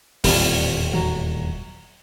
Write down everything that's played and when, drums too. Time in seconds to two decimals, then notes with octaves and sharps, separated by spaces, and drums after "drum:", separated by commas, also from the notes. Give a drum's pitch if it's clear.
0.24 D#1 E2 A2 G3 C4 F4, drum: open hi-hat
0.93 F#3